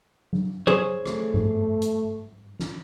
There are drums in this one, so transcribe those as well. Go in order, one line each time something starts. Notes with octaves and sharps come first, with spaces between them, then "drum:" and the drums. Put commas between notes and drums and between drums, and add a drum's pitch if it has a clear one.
drum: tom F#3
G#4 C5 C#5, drum: tom F#3
A3, drum: rim click
drum: tom
drum: hi-hat
drum: snare